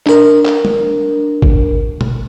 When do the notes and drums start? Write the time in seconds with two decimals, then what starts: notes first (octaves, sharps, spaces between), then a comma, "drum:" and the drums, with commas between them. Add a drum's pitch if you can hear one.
0.06 D4 A#4, drum: clap
0.45 drum: clap
0.65 drum: tom
1.42 drum: kick G#1
2.01 drum: tom B2